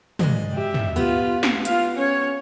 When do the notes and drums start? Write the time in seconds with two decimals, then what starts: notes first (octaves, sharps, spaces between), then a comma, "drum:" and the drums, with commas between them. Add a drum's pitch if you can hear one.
0.19 G#3 D5 D#5, drum: tom
0.54 G4 E5
0.74 drum: tom
0.96 B3 F4 G4
1.43 drum: snare
1.65 F4 F5, drum: hi-hat
1.95 C#4 C#5